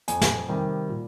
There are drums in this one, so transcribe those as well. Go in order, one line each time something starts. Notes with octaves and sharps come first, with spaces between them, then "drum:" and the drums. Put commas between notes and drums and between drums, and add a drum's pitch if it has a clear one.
F2 G#5, drum: hi-hat
drum: snare
C3 D#3 G3
A#2